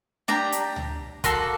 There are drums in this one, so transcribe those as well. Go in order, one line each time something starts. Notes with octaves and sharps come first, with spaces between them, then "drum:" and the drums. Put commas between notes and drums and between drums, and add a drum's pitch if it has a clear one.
D4 G4 A#5, drum: snare
drum: hi-hat
drum: tom C#2
A#3 F#4 A4 C6, drum: kick, hi-hat